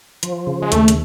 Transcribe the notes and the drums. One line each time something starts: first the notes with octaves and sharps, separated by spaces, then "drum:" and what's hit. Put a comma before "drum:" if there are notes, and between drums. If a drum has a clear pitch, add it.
F3, drum: hi-hat
C#3
G#3
D#2 A3, drum: hi-hat
drum: hi-hat